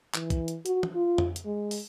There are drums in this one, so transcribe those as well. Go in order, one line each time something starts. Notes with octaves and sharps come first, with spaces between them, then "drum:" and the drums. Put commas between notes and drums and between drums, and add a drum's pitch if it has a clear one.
E3, drum: clap
drum: kick, hi-hat
drum: hi-hat
F#4, drum: hi-hat
drum: tom
F4
drum: tom F2
drum: hi-hat
G#3
drum: open hi-hat